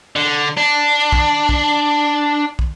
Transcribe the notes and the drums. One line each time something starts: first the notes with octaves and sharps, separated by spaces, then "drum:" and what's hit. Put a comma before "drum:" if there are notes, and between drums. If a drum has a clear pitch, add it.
D3
D4
drum: kick
drum: kick
drum: kick